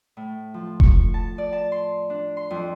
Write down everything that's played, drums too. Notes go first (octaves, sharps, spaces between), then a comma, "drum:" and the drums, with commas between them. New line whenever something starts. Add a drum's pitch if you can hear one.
A2
F3
C#6, drum: kick F1
A5
D5
A5
C6
D4
C6
F2